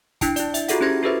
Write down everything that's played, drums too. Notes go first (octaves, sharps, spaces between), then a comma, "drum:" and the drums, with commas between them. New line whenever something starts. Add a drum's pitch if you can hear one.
D4 E4 G5 A5, drum: kick, hi-hat
E4 D5, drum: hi-hat
E5, drum: hi-hat
F4 F#4 G#4 A4 E5 F#5, drum: hi-hat
C#4 E4 G4 C5 G#6 A#6
F#4 G#4 A4 B4 C5 E5